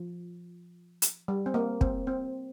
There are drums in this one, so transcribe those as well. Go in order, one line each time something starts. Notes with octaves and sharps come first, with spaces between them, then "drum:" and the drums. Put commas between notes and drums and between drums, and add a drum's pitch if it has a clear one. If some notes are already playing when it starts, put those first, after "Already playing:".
Already playing: F3
drum: hi-hat
G3
C4
A#3
C4, drum: kick
C4